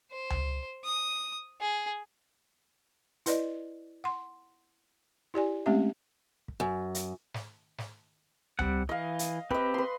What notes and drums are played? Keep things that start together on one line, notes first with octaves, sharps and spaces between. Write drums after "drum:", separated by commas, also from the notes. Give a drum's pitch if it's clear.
C5
drum: tom C#2
D#6
G#4
E4 B4 D5 D#5, drum: hi-hat
F#5 C6
E4 G4 D5 G#5
G#3 A3 C4 C#4 G4 E5
drum: kick
F#2
drum: hi-hat
drum: snare
drum: snare
G3 C4 F#5, drum: tom C#2
E3 D#5 F5
drum: hi-hat
C4 G4 B4 D#5, drum: kick
B4 C6